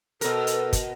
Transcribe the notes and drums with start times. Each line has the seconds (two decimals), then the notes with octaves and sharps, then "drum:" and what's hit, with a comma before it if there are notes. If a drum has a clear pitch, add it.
0.21 B2 A4 A#4, drum: hi-hat
0.47 drum: hi-hat
0.73 drum: kick, hi-hat